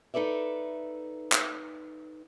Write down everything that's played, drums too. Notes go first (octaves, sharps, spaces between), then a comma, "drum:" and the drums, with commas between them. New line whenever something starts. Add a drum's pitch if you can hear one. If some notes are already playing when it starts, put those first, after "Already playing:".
D#4 A4 B4 D5 E5
drum: clap